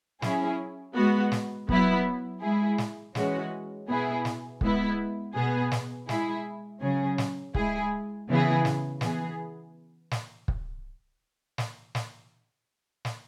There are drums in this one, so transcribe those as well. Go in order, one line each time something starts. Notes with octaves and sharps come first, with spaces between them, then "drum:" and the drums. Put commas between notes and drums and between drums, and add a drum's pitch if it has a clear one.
F#3 C#4 E4 G#4, drum: snare
G#3 B3 F#4
drum: snare
F#3 B3 E4, drum: kick
G#3 E4 G#4
drum: snare
E3 G#3 C#4 F#4, drum: snare
B2 B3 E4 G#4
drum: snare
G#3 B3 E4, drum: kick
B2 B3 G#4
drum: snare
G#3 E4 G#4, drum: snare
C#3 F#3 C#4 G#4
drum: snare
G#3 E4 G#4, drum: kick
C#3 E3 B3 E4 G#4
drum: snare
E3 B3 G#4, drum: snare
drum: snare
drum: kick
drum: snare
drum: snare
drum: snare